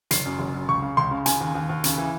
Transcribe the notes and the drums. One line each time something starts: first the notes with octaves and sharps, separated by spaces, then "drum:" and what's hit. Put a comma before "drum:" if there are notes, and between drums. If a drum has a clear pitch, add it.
F#1 C7, drum: hi-hat
F#2
F#1
F#2
C#2 C#6
C#3
C#2 C6
C#3
C#3 G#5, drum: hi-hat
D#2
D#2
D#2
C#3, drum: hi-hat
E3